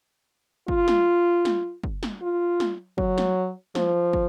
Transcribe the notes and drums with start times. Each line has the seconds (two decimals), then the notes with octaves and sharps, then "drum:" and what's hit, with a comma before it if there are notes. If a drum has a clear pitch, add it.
0.68 F4, drum: kick
0.88 drum: snare
1.45 drum: snare
1.84 drum: kick
2.03 drum: snare
2.22 F4
2.60 drum: snare
2.98 F#3, drum: kick
3.18 drum: snare
3.75 F3, drum: snare
4.13 drum: kick